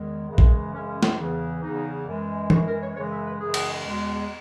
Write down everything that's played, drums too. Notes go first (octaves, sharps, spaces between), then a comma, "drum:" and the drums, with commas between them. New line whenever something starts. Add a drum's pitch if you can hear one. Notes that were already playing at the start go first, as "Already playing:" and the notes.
Already playing: E2 D#3 G#3
F#2 C#3 E3 G#3
drum: kick A#1
F#2 C#3 E3 G#3 C#4
C#4
drum: snare
E2 C#3 E3
E2 C#3 E3 D#4
F#2 E3 G#3
F#2 E3 G#3 F#4, drum: tom
A#4
C#5
F#2 C#3 E3 G#3 C#5
E5
B4
F#2 C#3 E3 G#3 G#4
drum: cymbal
E2 B2 G#3